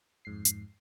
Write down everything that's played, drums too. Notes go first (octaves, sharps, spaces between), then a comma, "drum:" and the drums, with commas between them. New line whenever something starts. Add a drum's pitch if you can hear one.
F2 G#2 C7
drum: hi-hat